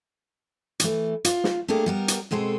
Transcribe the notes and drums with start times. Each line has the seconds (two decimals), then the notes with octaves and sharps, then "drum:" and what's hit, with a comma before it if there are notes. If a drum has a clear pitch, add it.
0.80 E3 A3, drum: hi-hat
1.25 F4, drum: hi-hat
1.44 drum: snare
1.68 A3 A#3 D4 G4 G#4 A#4
1.86 G3 B3 A#4
2.08 drum: hi-hat
2.31 B2 G#3 C4 G#4 A4